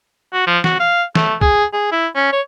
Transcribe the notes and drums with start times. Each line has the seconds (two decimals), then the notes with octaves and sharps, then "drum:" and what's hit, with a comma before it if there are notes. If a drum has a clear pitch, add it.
0.33 F#4
0.47 F3
0.64 F#4, drum: snare
0.80 F5
1.15 A3, drum: snare
1.41 G#4, drum: kick
1.73 G#4
1.92 E4
2.15 C#4
2.32 C#5